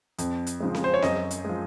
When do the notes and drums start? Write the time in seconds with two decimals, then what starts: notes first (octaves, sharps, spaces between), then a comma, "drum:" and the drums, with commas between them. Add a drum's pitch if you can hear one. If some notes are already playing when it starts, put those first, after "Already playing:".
0.18 F2, drum: hi-hat
0.47 drum: hi-hat
0.60 C#3 F3 G#3
0.75 drum: snare C4
0.84 C5
0.94 C#5
1.02 F#2 D#5, drum: snare C4
1.31 drum: hi-hat
1.45 F3 G#3